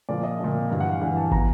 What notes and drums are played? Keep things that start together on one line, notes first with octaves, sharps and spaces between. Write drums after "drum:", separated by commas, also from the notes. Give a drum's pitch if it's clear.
A#2 F3 D5
D#5
A#2 F3
G2 E3
F#5
F5
G2 E3 F#5
A5
B2 A#5, drum: kick